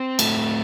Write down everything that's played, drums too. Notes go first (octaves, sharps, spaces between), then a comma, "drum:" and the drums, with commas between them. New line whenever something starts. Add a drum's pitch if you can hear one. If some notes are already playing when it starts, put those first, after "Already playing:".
Already playing: C4
A2 A3, drum: cymbal